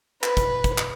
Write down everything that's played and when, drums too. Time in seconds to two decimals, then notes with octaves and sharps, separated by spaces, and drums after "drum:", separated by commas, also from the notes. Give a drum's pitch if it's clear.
0.23 B4, drum: clap
0.37 drum: kick, hi-hat
0.64 drum: kick, hi-hat
0.78 drum: clap